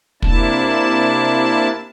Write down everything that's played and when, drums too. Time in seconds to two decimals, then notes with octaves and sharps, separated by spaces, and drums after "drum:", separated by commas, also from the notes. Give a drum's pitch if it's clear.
0.22 C3 A#3 D4 E4 A5, drum: kick